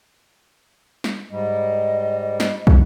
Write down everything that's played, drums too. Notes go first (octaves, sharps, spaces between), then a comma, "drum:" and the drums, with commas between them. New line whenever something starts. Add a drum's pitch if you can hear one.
drum: snare
G#2 G3 D#5
drum: snare
drum: kick